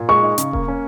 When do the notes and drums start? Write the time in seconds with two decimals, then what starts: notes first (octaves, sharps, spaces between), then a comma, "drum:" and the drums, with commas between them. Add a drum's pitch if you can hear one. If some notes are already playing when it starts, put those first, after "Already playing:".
Already playing: A#2
0.09 G#3 C#6
0.23 D#4
0.38 C#3, drum: hi-hat
0.53 A#3, drum: kick E1
0.68 C#4